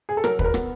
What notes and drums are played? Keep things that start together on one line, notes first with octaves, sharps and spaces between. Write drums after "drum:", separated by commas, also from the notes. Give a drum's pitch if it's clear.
G#4
A4
F#3 A#4, drum: rim click
B4, drum: kick
A#4
B3, drum: rim click